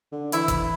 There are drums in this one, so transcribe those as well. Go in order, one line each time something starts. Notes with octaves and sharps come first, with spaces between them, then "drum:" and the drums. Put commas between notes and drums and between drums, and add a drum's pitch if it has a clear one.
D3
E3 E4, drum: hi-hat
drum: kick, hi-hat